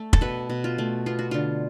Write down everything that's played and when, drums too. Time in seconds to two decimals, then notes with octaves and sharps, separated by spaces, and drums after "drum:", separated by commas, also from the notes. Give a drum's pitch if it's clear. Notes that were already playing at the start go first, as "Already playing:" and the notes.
Already playing: A3
0.13 A4, drum: kick
0.21 B2 B4
0.49 B2
0.64 F4
0.78 A3
1.06 B3 F4
1.19 F#4
1.31 D3 F4